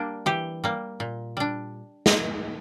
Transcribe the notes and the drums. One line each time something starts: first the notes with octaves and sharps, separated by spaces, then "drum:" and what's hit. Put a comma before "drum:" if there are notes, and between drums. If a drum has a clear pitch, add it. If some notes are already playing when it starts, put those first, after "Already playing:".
Already playing: G3 A#3 D4
E3 G4
G3 A#3
A#2
G3 D4
drum: snare